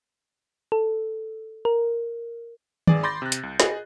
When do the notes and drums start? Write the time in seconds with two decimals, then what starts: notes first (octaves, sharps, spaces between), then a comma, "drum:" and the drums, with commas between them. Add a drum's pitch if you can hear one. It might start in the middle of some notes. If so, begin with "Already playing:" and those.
0.72 A4
1.65 A#4
2.87 G#1 G#4 D5, drum: tom D#3
3.03 B5 C6 D6 G6 A6 A#6
3.22 C3 F#6
3.32 drum: hi-hat
3.43 C2
3.60 G#4 D#5, drum: snare